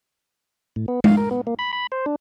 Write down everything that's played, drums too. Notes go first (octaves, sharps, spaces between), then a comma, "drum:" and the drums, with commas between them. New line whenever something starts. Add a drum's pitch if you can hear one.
A2
B3
F5, drum: tom G#3
A#4
B3
A#3
B5
B5
C5
D4